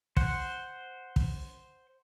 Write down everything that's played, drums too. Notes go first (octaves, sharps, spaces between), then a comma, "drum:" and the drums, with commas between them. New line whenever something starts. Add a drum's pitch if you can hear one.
C5 F#5, drum: kick
drum: kick